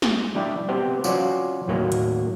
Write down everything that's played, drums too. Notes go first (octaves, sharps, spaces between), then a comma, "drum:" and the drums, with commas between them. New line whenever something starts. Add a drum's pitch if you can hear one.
drum: snare
G3 D4 E4 G4
B3 C4 G4
F#3 C#4 F4 F#4 D5, drum: tambourine
D#2 A2 F#3 A#3
drum: hi-hat